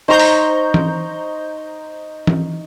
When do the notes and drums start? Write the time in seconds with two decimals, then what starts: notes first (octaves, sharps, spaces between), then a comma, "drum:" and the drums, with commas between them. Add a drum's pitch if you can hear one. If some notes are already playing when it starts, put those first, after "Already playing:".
0.08 D#4 C5 A#5 C#6 G6
0.19 drum: open hi-hat
0.74 drum: tom E3
2.27 drum: tom E3